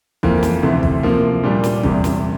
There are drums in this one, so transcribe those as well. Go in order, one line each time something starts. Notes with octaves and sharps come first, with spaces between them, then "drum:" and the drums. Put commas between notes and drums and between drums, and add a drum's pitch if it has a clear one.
F2 E3 A#3, drum: kick
drum: snare
D2 C3 E3 A3
drum: kick
C3 F3 A#3
A#2 G3 D4
drum: snare
E2 C3 G3, drum: kick
drum: snare